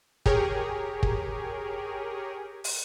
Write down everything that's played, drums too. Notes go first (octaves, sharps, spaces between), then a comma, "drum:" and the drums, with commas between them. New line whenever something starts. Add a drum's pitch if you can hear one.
G4 G#4 A#4 C#5, drum: kick
drum: kick
drum: open hi-hat